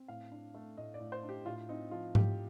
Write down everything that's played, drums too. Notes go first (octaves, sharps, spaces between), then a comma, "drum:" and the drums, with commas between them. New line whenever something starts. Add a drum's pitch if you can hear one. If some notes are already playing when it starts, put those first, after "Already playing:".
Already playing: C4
A2 F5
D4
A3
A2 D#5
D5
A2
C5
D4
G4
A2 F4
C4 D#4
F3 F4
A2 G4, drum: tom G#2